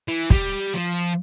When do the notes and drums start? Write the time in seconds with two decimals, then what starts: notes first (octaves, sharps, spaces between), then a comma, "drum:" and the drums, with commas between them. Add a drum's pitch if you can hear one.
0.08 E3
0.30 G3, drum: kick
0.74 F3